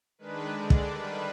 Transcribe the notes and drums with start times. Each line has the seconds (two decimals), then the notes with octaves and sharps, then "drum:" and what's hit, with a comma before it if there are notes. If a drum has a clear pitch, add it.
0.18 D#3 G#3 D4 B4
0.53 D3 G#3 D4 D5
0.70 drum: kick
0.88 D#3 G3 D4 B4